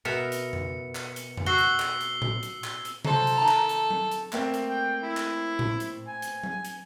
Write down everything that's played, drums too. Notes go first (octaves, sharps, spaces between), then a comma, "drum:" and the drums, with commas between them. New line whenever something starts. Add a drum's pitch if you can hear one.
B2 A#4 E5 C#7
drum: hi-hat
drum: tom F2
drum: clap
drum: hi-hat
drum: tom F2
F#4 E6 C7 G7
drum: hi-hat
drum: clap
drum: hi-hat
drum: tom A2
drum: hi-hat
drum: clap
drum: hi-hat
F#3 A4 C5, drum: tom C3
drum: hi-hat
D#3 A5 A#5
drum: clap
drum: hi-hat
drum: tom F#3
drum: hi-hat
A3 A#3 C4, drum: clap
drum: hi-hat
G5
E4
drum: clap
drum: tom A2
drum: hi-hat
G#5
drum: hi-hat
drum: tom F#3
drum: hi-hat